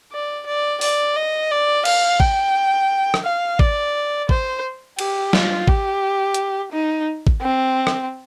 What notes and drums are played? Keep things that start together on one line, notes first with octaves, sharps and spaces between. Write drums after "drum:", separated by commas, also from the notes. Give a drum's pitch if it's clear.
D5
D5
D5, drum: open hi-hat
D#5
D5
F5, drum: cymbal
G5, drum: kick
drum: rim click
F5
D5, drum: kick
C5, drum: kick
G4, drum: cymbal
F4, drum: snare
G4, drum: kick
drum: hi-hat
D#4
drum: kick
C4
drum: rim click